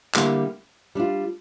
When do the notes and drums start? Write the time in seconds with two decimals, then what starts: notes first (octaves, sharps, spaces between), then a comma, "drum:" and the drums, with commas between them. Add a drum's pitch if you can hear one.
0.15 D3 G3 A#3 E4, drum: clap
0.95 G3 D4 F4